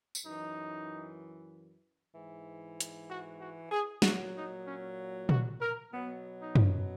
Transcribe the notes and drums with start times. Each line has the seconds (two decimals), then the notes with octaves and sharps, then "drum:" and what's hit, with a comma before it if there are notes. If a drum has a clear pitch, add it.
0.15 drum: tambourine
0.24 F#2 E3 D#4
2.13 G#2 E3
2.80 drum: hi-hat
3.08 F#4
3.40 F#4
3.70 G#4
4.02 A#2 F#3 F#4, drum: snare
4.34 D#4
4.65 C#4
5.29 F#4, drum: tom A#2
5.60 A#4
5.92 B2 F#3 B3
6.39 D#4
6.55 drum: tom F#2